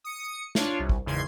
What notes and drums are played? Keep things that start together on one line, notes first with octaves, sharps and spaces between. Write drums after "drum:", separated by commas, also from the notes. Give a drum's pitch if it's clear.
D#6 C#7
D4 F4 C#5, drum: snare
C2
drum: kick G#1
G#1 E2 C#3 C6 G#6 C7